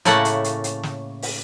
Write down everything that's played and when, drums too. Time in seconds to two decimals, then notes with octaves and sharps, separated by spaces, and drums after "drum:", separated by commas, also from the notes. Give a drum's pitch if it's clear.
0.05 A2 C#3 A3 A#3 F#5 A5, drum: hi-hat
0.25 drum: hi-hat
0.44 drum: hi-hat
0.64 drum: hi-hat
0.83 drum: snare
1.22 drum: open hi-hat